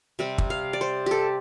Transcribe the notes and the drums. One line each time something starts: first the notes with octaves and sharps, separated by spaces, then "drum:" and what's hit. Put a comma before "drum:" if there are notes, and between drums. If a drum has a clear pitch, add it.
C3 G3 C4
drum: kick
F5
D5
C5
G4 A4